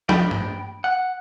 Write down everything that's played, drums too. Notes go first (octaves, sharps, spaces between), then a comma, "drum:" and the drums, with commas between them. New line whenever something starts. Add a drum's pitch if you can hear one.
G5 B5, drum: tom
drum: tom
F#5